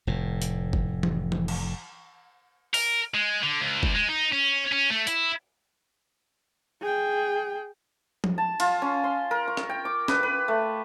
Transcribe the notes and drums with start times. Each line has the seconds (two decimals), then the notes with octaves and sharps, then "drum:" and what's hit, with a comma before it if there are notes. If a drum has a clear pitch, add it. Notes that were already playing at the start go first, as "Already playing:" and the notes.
0.07 F1 A2
0.42 drum: hi-hat
0.73 drum: kick
1.03 drum: tom E3
1.32 drum: tom E3
1.48 drum: cymbal
2.74 A#4, drum: open hi-hat
3.15 G#3
3.43 D3
3.60 C#2
3.83 drum: kick
3.95 G#3
4.09 D#4
4.32 C#4
4.72 C#4
4.90 A3
5.07 E4, drum: hi-hat
6.81 G#4 G5
8.24 drum: tom F3
8.38 A5
8.60 F4, drum: cymbal
8.82 C#4
9.04 C6
9.31 A#4
9.48 C#6
9.57 drum: rim click
9.69 G5
9.85 D6
10.08 B4, drum: snare
10.23 B4
10.48 A3